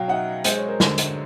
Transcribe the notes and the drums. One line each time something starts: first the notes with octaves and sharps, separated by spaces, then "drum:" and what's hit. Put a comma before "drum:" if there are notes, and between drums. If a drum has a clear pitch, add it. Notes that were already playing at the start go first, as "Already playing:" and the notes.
Already playing: B2 F#3 F5 G5
D#4 E5 F#5
G#3 C5, drum: hi-hat
C#5
A#4 C5
D3, drum: snare
drum: hi-hat